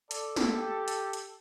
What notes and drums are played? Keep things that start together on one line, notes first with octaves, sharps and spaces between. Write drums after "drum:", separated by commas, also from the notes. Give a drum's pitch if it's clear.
A4 D5, drum: hi-hat
drum: snare
G4
drum: hi-hat
drum: hi-hat